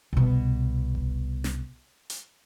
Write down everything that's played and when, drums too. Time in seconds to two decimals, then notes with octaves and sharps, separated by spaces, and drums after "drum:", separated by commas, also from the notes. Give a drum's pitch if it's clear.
0.13 C2 B2, drum: kick F1
0.95 drum: kick F1
1.44 drum: snare
2.10 drum: hi-hat